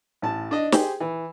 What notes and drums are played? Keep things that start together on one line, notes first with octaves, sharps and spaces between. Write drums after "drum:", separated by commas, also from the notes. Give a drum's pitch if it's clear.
A1 A5
D4 D#5
G4 G#4 C5, drum: snare
E3